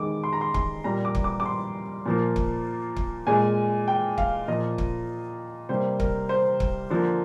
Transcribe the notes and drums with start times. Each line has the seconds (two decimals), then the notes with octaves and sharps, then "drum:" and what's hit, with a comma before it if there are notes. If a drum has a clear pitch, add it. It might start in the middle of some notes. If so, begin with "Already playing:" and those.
Already playing: D#3 G#3 D6
0.24 C6
0.33 A#5
0.41 C6
0.54 C6, drum: kick C#1
0.84 A#2 G3 A#3 A#5
1.05 D6
1.15 drum: kick C#1
1.24 D6
1.40 D6
1.45 C6
2.06 A#2 F3 A#3
2.36 drum: kick C#1
2.97 drum: kick C#1
3.27 A#2 G#3 G#5
3.88 G5
4.18 F5, drum: kick C#1
4.48 A#2 F3 A#3 D#5
4.78 drum: kick C#1
5.69 C3 G3 A#3 C5
6.00 A#4, drum: kick C#1
6.29 C5
6.60 drum: kick C#1
6.90 D3 F3 A#3